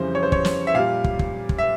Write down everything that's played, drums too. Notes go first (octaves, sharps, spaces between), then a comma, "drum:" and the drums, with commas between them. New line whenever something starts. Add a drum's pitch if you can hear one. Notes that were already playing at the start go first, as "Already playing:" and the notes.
Already playing: F2 C#3 E3 G3 C5
C#5
C5
C#5, drum: kick
drum: snare
E5
A#2 G3 F5
drum: kick
drum: kick
drum: kick
E5